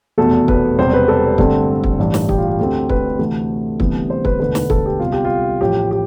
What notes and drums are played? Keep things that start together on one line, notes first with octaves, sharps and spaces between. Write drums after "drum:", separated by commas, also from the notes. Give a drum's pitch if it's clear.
F1 E2 B2 A3 A4
B4, drum: kick
E1 E2 C3 G3 C4 C5
B4
A4
G2 D3 A3 C4, drum: kick
drum: kick
A1 G2 E3
drum: snare
G4, drum: kick
F4
G4
D2 D3 A3 C4 G4
B4, drum: kick
D2 C3 E3 A3
D2 C3 E3 G3 B3, drum: kick
C5
B4, drum: kick
E1 D2 D3 B4
drum: snare
A4, drum: kick
G4
C2 C3 G3 B3 F4
G4
F4
A1 A2 F3 G4
G4